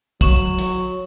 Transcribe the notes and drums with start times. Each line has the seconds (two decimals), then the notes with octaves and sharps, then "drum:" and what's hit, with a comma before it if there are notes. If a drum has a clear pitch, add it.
0.21 F#3 C#6 E7 F#7, drum: kick, hi-hat
0.59 drum: hi-hat